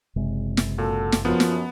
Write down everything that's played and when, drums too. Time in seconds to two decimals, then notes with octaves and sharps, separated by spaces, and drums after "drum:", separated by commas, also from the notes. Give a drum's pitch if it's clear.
0.16 F#1 C3 G#3
0.57 drum: snare
0.78 A#2 F#4 A4
1.12 drum: snare
1.25 F#2 F3 B3
1.40 drum: snare